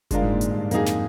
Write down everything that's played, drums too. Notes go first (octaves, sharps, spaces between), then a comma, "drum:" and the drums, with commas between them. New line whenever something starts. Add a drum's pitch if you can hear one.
D3 G#3 D4 F4 A#4, drum: kick F#1, hi-hat
G#2
A#2
drum: hi-hat
G2
F2 A#3 D#4 G#4, drum: hi-hat
drum: snare